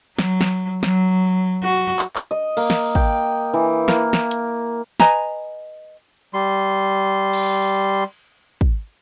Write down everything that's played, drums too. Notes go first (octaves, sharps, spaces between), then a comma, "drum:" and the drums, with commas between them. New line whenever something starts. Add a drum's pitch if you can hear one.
F#3, drum: snare
drum: snare
F#3, drum: snare
F#4
drum: clap
drum: clap
D#5
A#3, drum: cymbal
drum: snare
G5, drum: kick
E3
A#3, drum: snare
drum: snare
drum: hi-hat
B4 D#5 G#5 A#5, drum: snare
G3 C6
drum: cymbal
drum: kick